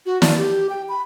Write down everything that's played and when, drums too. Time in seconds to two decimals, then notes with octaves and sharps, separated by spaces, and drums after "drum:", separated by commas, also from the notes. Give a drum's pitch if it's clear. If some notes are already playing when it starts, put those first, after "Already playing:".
0.06 F#4
0.22 D5, drum: snare
0.37 G4
0.70 G5
0.89 B5